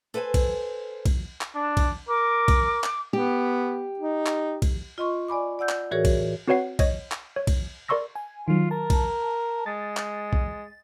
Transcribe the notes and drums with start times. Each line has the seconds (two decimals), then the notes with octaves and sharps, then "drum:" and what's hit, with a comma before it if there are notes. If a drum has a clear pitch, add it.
0.14 A4 B4 C5 F#5 G#5
0.34 drum: kick B1, cymbal
1.06 drum: kick B1, cymbal
1.41 drum: clap
1.55 D4
1.77 drum: kick B1, cymbal
2.09 A#4 D6
2.48 drum: kick B1, cymbal
2.84 drum: clap
3.13 B3 G4
3.99 D#4
4.26 drum: clap
4.62 drum: kick B1, cymbal
4.98 F4 D#5 C6 C#6
5.28 D5 G#5 B5 D6
5.59 D5 F#5 E6 G6
5.69 drum: clap
5.91 A2 E3 F#4 G#4 A#4 C#5
6.05 drum: kick B1, cymbal
6.47 C4 F#4 B4 C#5 F#5 C7
6.79 C#5 D#5, drum: kick B1, cymbal
7.12 drum: clap
7.36 C#5
7.47 drum: kick B1, cymbal
7.88 A#4 D5 C6 C#6 E6 A#6
8.15 G#5
8.48 D#3 F#3 F4
8.71 A#4 A5
8.90 drum: kick B1, cymbal
9.66 G#3 A6
9.97 drum: clap
10.33 drum: kick B1